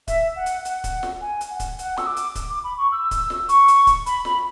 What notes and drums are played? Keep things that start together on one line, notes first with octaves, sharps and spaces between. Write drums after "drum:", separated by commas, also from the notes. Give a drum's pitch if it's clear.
E5, drum: kick, hi-hat
F#5
drum: hi-hat
F#5, drum: hi-hat
drum: kick, hi-hat
drum: snare
G#5
drum: hi-hat
F#5
drum: kick, hi-hat
F#5, drum: hi-hat
E6, drum: snare
D6
drum: hi-hat
drum: kick, hi-hat
D6
B5
C#6
E6
drum: kick, hi-hat
drum: snare
C#6, drum: hi-hat
drum: hi-hat
drum: kick, hi-hat
B5, drum: hi-hat
B5, drum: snare